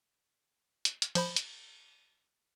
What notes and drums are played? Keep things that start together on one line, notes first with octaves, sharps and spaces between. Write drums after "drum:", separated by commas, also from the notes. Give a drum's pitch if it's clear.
drum: hi-hat
drum: hi-hat
F3 C5 B5, drum: cymbal
drum: hi-hat